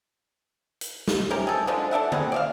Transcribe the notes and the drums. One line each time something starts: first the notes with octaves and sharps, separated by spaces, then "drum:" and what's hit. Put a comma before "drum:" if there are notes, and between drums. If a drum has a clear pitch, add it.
drum: hi-hat
drum: snare
C3 C#4 G4 A#4
G#4 A4
D3 F3 G#3 D4
A4 D5 E5 F#5
G3 C4 G#4 F#5, drum: tom D3
D5 E5 F5